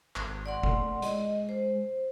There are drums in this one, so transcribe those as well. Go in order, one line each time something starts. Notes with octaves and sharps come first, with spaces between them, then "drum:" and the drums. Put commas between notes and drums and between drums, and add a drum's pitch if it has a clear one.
G#1, drum: clap
D5 F#5 C6
A3, drum: kick F1
G#3 D#5, drum: hi-hat
C5